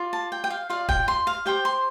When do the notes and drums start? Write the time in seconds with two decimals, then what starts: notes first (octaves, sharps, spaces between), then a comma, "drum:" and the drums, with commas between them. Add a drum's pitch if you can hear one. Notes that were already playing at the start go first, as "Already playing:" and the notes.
Already playing: F4 D5
0.13 A5
0.32 G5
0.44 G5
0.50 F5
0.70 F4 D5 F5
0.89 G5, drum: kick
1.08 C6
1.27 F5
1.46 G4 C5 G5
1.65 C6